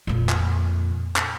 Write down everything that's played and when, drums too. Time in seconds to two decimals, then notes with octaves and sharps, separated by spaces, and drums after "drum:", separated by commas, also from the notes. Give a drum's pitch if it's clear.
0.07 F2 A#2
0.29 drum: clap
1.16 drum: clap